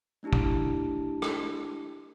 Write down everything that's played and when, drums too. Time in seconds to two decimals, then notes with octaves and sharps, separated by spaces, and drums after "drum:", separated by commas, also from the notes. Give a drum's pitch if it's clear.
0.23 A3 D4 E4 G4 A5
0.33 drum: kick
1.22 drum: rim click